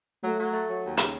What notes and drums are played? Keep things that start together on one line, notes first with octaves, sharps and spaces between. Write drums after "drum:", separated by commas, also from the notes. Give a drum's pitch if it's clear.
F#3 A3
F#3
A3
F#3
D#2
C#3, drum: hi-hat